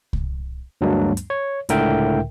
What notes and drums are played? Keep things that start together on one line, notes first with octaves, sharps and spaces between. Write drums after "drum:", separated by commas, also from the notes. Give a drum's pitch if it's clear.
drum: kick C2
D2 G2 F#3 G#3 A#3 D4
drum: hi-hat
C#5
C#2 A2 D3 A#4 E5 G5, drum: hi-hat